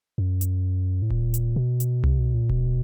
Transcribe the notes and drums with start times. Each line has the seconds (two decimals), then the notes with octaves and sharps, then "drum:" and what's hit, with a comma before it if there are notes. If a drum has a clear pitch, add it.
0.18 F#2
0.41 drum: hi-hat
1.02 A2
1.10 A#2, drum: kick D1
1.34 drum: hi-hat
1.56 B2
1.80 drum: hi-hat
2.04 C3, drum: tom C2
2.19 B2
2.34 A#2
2.49 B2, drum: kick D1